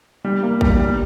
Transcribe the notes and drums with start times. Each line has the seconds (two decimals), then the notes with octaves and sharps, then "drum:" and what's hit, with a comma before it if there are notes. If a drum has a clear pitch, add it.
0.25 G3
0.43 A#3
0.61 G3, drum: kick A1
0.79 G3